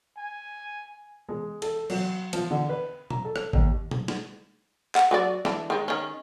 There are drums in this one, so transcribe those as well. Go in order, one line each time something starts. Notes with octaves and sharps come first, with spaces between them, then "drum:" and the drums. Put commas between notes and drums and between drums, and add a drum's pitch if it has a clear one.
G#5
G#3
A4, drum: cymbal
F#3, drum: cymbal
F3, drum: cymbal
D3
B4
A#5, drum: tom
A4
drum: rim click
D#2, drum: kick G#1
drum: tom
drum: snare
F#5, drum: clap
F#3 F#4 D5
E3 D4, drum: snare
D#3 G#3
D#3 C#4